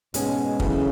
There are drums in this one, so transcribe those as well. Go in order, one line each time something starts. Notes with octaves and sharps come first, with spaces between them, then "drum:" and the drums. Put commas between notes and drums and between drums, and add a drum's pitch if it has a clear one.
G#2 B2 G#3 C#4 G#4, drum: hi-hat
F#2 C#3 E3 B3 F#4 A4, drum: kick